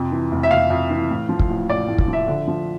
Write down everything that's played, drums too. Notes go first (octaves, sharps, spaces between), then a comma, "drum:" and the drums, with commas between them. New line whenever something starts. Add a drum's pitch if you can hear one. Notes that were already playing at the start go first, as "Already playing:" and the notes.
Already playing: F2 C3
E3
F1
E5
F1 F5
F2
E3
A2
F3
drum: kick
A1
A1 D5
A2
drum: kick
F3 E5
D3
F3